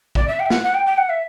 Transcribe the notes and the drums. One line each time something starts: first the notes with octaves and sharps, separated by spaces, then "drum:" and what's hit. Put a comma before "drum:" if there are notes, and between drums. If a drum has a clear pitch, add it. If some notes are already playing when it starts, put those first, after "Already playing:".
D5, drum: kick
E5
G5
E5
F#5, drum: snare
F#5
G5
G5
F#5
E5